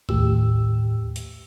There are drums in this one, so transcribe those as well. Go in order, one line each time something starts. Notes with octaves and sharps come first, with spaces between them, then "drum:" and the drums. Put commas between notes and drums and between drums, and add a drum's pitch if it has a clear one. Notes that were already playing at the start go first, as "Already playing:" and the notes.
D#2 A2 G4 E6, drum: kick A#1
drum: hi-hat